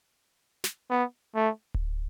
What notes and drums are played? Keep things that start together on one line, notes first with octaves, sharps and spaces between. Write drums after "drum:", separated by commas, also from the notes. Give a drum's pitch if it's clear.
drum: snare
B3
A3
drum: kick D1